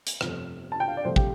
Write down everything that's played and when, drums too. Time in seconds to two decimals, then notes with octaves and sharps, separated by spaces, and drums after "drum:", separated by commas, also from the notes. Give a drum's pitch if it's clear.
0.07 drum: hi-hat
0.21 G1 F2 C3 A3, drum: rim click
0.72 A5
0.80 G5
0.88 F5
0.97 D5
1.05 C2 C3 F3 A3 C5
1.16 G4, drum: kick